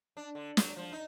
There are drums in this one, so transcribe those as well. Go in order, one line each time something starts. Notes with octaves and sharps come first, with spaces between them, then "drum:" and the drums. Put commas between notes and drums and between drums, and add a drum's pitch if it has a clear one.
D4
D3
F#3, drum: snare
F3
D#4